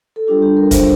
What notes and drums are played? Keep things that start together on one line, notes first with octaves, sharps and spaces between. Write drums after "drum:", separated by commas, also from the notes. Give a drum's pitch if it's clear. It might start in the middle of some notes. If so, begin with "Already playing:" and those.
A4
G3 D4 F4 G4
G4
A#4
G3 D4 F4 C5, drum: kick, hi-hat